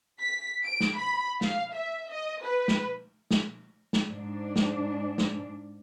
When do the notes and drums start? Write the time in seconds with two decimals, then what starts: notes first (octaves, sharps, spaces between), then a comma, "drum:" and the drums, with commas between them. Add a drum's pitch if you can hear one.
0.20 B6
0.65 D7
0.80 drum: snare
0.96 B5
1.41 F5, drum: snare
1.74 E5
2.10 D#5
2.42 B4
2.68 drum: snare
3.31 drum: snare
3.93 drum: snare
4.08 G#2 D4
4.56 drum: snare
5.18 drum: snare